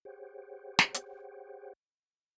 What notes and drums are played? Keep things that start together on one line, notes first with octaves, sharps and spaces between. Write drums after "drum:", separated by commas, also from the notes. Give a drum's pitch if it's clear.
G4 G#4 C5 C#5 F#5 G5
drum: snare
drum: hi-hat